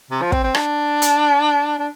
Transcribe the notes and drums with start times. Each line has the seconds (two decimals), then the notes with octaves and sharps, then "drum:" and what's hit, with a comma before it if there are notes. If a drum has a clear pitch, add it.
0.11 C3
0.22 F3
0.32 C4, drum: kick
0.44 C4
0.55 D4, drum: rim click
1.02 drum: hi-hat
1.79 D4